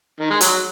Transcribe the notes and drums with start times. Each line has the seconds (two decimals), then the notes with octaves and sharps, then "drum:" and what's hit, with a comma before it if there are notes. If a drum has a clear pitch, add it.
0.20 D#3
0.31 G#3
0.41 F#3, drum: hi-hat